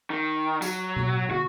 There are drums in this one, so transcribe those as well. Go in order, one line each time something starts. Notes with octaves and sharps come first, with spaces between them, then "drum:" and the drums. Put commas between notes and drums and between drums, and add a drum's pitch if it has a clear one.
D#3
F#3, drum: tambourine
drum: tom B2
F#4, drum: tom